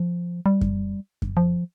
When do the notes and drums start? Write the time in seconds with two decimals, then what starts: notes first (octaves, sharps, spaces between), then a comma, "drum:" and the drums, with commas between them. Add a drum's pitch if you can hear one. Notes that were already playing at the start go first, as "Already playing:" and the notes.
Already playing: F3
0.46 G3
0.61 drum: kick F#2
1.22 drum: kick F#2
1.37 F3